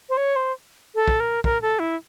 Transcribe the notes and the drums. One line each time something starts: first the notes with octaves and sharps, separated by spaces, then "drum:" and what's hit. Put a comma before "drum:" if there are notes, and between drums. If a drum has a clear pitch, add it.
C5
C#5
C5
A4
drum: kick
A#4
A#4, drum: kick
A4
E4